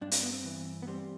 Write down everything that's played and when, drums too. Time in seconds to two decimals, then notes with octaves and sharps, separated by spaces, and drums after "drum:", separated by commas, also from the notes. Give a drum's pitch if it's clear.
0.01 G2 D4
0.11 C4, drum: hi-hat
0.23 B3
0.32 C4
0.45 E3
0.82 B3
0.87 G3 C4